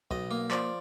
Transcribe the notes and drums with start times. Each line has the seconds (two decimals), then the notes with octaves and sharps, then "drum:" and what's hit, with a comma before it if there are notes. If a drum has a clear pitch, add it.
0.11 B1 D#5, drum: kick
0.31 A#3
0.51 F3 D5, drum: clap